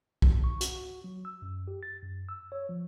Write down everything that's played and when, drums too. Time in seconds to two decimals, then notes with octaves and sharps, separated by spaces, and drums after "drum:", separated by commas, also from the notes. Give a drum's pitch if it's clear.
0.22 G#2, drum: kick B1
0.44 C#6
0.61 F#4, drum: hi-hat
1.04 F#3
1.25 E6
1.42 F#2
1.68 G4
1.83 A6
2.03 F#2
2.29 E6
2.52 C#5
2.69 F3